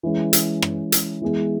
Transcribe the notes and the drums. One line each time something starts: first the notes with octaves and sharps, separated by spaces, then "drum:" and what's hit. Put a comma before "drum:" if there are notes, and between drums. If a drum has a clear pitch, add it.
E3 G#3 C#4
drum: hi-hat
drum: rim click
drum: hi-hat
E3 G#3 B3 G#4